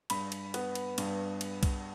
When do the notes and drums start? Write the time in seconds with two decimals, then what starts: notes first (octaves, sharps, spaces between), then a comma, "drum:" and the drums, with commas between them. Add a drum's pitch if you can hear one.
0.10 G2 B5, drum: cymbal
0.32 drum: cymbal
0.54 B3, drum: cymbal
0.75 drum: cymbal
0.98 G2, drum: cymbal
1.41 drum: cymbal
1.63 drum: kick B1, cymbal